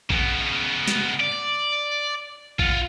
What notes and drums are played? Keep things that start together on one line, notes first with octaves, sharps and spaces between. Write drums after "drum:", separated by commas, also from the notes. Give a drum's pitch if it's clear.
C#3 B3, drum: kick A1
drum: snare
D5
F4 F#5, drum: kick A1